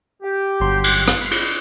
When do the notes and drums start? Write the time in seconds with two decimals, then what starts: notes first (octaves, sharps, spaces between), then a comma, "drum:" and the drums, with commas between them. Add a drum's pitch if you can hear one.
0.23 G4
0.60 G1 F#3 C6
0.84 drum: cymbal
1.08 drum: rim click
1.22 B5 F6 C7
1.31 drum: cymbal